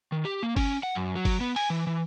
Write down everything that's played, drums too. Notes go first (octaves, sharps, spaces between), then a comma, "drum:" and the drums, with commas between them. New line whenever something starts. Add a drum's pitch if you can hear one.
D#3
G4
A#3
C#4, drum: kick G1, open hi-hat
F#5
F#2
F#3
drum: kick G1, open hi-hat
B3
G#5, drum: open hi-hat
E3
E3